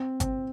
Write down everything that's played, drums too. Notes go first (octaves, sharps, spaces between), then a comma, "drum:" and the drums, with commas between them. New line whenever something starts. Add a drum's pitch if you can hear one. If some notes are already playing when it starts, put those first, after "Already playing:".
Already playing: C4
C4, drum: kick G#1, hi-hat